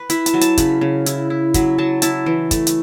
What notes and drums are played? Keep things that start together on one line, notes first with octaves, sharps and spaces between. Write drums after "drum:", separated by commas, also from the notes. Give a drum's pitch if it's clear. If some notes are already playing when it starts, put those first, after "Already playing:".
Already playing: B4
E4 B5, drum: hi-hat
A5, drum: hi-hat
F#3
A5, drum: hi-hat
C#3 B5, drum: kick, hi-hat
C#3
E4, drum: hi-hat
E4
F#3 B5, drum: kick, hi-hat
F#3 A5
E4 A5, drum: hi-hat
E3
A3, drum: kick, hi-hat
drum: hi-hat